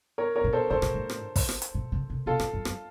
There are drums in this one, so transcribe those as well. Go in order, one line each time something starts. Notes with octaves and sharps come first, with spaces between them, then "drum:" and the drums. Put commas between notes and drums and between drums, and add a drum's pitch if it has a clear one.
A#4 C#5
A#4 C#5
A#2
A4 C5
A2 A4 C5
A#2, drum: rim click
A2
drum: rim click
drum: kick, open hi-hat
drum: rim click
drum: hi-hat
A#2
C#3
C3
C3 F4 A4
A#2, drum: rim click
F#2
F#2, drum: rim click